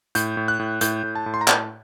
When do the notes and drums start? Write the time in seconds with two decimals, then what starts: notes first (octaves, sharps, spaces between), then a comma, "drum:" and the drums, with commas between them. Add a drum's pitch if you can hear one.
0.15 A2 G6, drum: hi-hat
0.37 A2
0.48 F#6
0.59 A2
0.81 A2 G6, drum: hi-hat
1.04 A2
1.15 A5
1.26 A2
1.34 C6
1.41 A#5
1.48 A2 A5, drum: clap